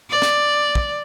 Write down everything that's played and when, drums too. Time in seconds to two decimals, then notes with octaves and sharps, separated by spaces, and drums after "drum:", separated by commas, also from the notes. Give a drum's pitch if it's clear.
0.10 D5
0.22 drum: snare
0.75 drum: kick